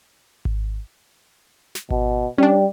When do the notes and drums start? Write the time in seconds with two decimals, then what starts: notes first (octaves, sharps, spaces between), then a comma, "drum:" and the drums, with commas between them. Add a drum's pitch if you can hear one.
0.45 drum: kick G#1
1.75 drum: snare
1.90 B2, drum: kick G#1
2.38 G3 C#4 D4